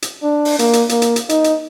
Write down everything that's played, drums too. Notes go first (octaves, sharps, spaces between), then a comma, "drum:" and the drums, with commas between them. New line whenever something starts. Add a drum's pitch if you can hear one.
drum: hi-hat
D4
drum: open hi-hat
A#3, drum: hi-hat
drum: hi-hat
A#3, drum: hi-hat
drum: hi-hat
drum: hi-hat
D#4, drum: hi-hat
drum: hi-hat